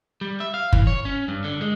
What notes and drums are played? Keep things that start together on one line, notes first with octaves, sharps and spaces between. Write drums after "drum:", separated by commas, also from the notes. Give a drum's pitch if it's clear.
G3
E5
F5
E3, drum: kick
C#5
C#4
G2
D3
G#3